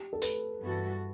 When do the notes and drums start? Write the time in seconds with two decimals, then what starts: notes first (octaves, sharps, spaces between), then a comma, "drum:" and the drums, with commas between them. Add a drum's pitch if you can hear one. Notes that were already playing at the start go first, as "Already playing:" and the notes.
Already playing: G4
0.13 A4
0.22 B4, drum: hi-hat
0.61 G2 E3 B3 F#4 A4